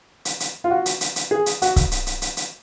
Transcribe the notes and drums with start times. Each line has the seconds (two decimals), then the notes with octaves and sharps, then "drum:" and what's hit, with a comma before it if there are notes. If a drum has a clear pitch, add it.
0.25 drum: hi-hat
0.40 drum: hi-hat
0.64 F4
0.71 F#4
0.86 drum: hi-hat
1.01 drum: hi-hat
1.16 drum: hi-hat
1.31 G#4
1.46 drum: hi-hat
1.62 F#4, drum: hi-hat
1.76 drum: kick C#1, hi-hat
1.91 drum: hi-hat
2.07 drum: hi-hat
2.22 drum: hi-hat
2.37 drum: hi-hat